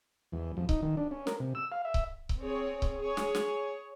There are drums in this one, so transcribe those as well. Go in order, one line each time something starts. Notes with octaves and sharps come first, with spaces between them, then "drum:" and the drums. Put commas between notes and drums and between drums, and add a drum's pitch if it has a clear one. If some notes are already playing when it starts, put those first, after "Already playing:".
E2
F2
D#4, drum: kick C#1
D#3
D4
C#4
A#4, drum: snare
C3
E6
F5
E5
drum: kick C#1
drum: kick C#1
C4 G#4 C#5
drum: kick C#1
G#4 C#5
drum: snare
drum: snare